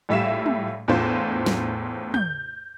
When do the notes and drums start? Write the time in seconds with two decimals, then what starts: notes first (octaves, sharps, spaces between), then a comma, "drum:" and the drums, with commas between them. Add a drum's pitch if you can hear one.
0.09 A#1 A2 G3 E5 F5 E7
0.46 drum: tom
0.88 E2 A2 D4 F4 C5
1.46 drum: snare
2.14 G6, drum: tom